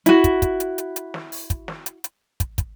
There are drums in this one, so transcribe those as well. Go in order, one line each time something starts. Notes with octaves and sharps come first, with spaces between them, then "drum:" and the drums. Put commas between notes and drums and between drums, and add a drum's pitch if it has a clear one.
E4 F#4, drum: hi-hat
drum: kick, hi-hat
drum: kick, hi-hat
drum: hi-hat
drum: hi-hat
drum: hi-hat
drum: snare
drum: open hi-hat
drum: kick, hi-hat
drum: snare
drum: hi-hat
drum: hi-hat
drum: kick, hi-hat
drum: kick, hi-hat